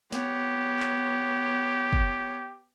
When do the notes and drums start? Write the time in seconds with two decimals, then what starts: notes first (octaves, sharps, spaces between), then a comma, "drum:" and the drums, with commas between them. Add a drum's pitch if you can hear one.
0.12 B3 G4 C#5, drum: snare
0.79 drum: clap
1.93 drum: kick